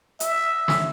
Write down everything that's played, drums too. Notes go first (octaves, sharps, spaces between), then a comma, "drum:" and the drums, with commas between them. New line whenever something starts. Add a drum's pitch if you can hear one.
E5, drum: hi-hat
drum: snare